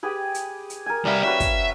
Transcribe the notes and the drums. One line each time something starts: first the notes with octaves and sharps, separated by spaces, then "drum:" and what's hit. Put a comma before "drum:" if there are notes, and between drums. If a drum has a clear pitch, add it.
G4 G#4 B4
drum: hi-hat
drum: hi-hat
A#4 G#5
C2 G3 B4 E5 F5
C#4 F#4 B4 E5
drum: kick, hi-hat